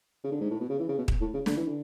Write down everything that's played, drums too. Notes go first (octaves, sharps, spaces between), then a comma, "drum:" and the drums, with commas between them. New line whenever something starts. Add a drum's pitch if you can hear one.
C#3
D3
G#2
A2
B2
C#3
E3
C#3
B2
drum: kick
A2
C#3
D3, drum: snare
E3
D3